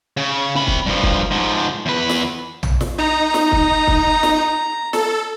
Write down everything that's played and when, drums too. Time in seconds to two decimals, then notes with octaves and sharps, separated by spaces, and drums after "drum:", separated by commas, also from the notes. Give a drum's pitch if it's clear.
0.17 C#3
0.56 C3 B5
0.67 drum: kick
0.86 G2 F3
1.03 drum: kick
1.31 G#2 F3
1.86 E2 B4
2.09 drum: snare
2.63 drum: tom A#1
2.81 drum: snare
2.98 D#4 A#5
3.34 drum: snare
3.52 drum: kick
3.87 drum: kick
4.23 drum: snare
4.93 A4, drum: snare